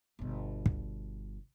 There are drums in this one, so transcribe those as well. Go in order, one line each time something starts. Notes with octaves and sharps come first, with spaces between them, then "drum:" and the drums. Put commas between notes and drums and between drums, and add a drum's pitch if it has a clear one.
G1 B2
drum: kick